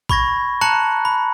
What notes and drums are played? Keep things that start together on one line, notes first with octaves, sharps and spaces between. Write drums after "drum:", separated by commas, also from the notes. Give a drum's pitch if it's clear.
B5 C#6 G#6 A#6, drum: kick
A5 A#5 F#6 C#7 F#7
B5